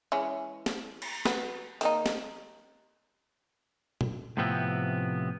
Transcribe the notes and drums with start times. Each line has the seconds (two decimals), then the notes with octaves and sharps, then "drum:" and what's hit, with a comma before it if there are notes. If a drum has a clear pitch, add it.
0.12 E3 G#3 C#4
0.66 drum: snare
1.02 drum: cymbal
1.25 F#4 B4, drum: snare
1.81 D#3 A#3 D#4, drum: hi-hat
2.06 drum: snare
4.01 drum: tom A#2
4.37 A2 C3 F3 B3 C4